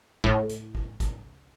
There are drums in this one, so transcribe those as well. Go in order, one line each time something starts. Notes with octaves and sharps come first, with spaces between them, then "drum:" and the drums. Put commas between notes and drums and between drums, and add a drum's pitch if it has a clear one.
A2, drum: kick G#1
drum: hi-hat
drum: kick G#1
drum: kick G#1, hi-hat